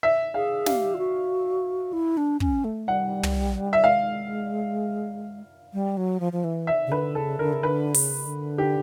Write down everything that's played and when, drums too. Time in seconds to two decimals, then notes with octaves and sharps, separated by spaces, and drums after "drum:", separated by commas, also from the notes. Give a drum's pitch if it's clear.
0.03 E5
0.34 G#4 F5
0.66 G4 F5, drum: snare
0.94 F4
0.98 F#4
1.93 E4
2.17 D4
2.40 C#4, drum: kick
2.64 A3
2.88 G3 F#5
3.23 drum: tom
3.73 E5
3.83 G#3 F5
5.73 G3
5.97 F#3
6.20 F3
6.32 F3
6.44 E3
6.67 E5
6.87 C#3
6.92 D3 B4
7.15 C#3 A4
7.39 D3 A#4
7.53 C#3
7.63 D3 B4
7.94 C#3, drum: open hi-hat
8.26 D3
8.58 G4